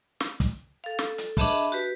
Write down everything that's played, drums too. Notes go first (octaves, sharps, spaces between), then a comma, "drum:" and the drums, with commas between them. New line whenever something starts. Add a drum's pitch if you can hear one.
drum: snare
drum: kick, hi-hat
A4 F5
A4, drum: snare
drum: hi-hat
D4 G#4 D#5 E5 A5 B5, drum: kick, open hi-hat
F#4 G4 B4